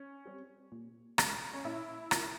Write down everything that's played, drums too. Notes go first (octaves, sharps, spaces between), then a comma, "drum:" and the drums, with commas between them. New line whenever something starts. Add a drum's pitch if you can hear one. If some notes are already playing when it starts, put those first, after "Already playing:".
Already playing: C#4
G3 C4 G4
A#2
G#3 C#4 F4 A#4, drum: rim click
C#4
A#2 E4
G#3 C#4 F4 A#4, drum: rim click